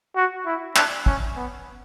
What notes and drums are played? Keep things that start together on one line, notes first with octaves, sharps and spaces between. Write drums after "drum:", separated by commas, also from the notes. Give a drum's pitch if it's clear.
F#4
E4
D4, drum: clap
C#4, drum: kick
B3